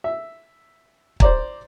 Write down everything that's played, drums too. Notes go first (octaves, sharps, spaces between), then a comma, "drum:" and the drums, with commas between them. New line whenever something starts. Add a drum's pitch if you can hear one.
E5
C5 D5 A#5, drum: kick